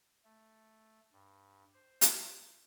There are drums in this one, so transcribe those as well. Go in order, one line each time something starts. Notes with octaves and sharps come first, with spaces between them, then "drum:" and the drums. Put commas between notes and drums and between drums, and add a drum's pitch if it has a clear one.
A3
G2
C5
drum: hi-hat